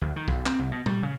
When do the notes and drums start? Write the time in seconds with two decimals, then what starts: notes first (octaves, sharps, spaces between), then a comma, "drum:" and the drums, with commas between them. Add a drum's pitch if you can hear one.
0.01 D2
0.16 D#3
0.28 B1, drum: kick
0.46 C4, drum: clap
0.59 C2
0.71 B2
0.86 G3, drum: tom A#2
1.03 C#3